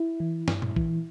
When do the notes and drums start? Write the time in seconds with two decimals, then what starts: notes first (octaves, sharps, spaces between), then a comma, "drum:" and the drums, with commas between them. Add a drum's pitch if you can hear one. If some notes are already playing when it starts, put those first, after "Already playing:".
Already playing: E4
0.20 E3
0.48 G2, drum: snare
0.62 drum: tom A#2
0.76 E3, drum: kick